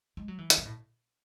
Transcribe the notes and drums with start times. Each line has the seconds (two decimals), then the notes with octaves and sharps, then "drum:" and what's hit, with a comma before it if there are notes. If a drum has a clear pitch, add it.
0.17 G#3
0.28 F#3
0.38 E3
0.50 D#3, drum: hi-hat
0.58 C3
0.66 A2